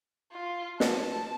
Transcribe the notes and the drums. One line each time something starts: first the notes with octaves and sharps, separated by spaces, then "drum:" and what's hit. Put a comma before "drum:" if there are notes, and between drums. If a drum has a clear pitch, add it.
F4
A5, drum: snare